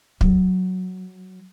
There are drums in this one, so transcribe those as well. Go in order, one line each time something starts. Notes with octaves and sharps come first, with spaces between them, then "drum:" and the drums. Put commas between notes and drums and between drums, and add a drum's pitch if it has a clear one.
F#3, drum: kick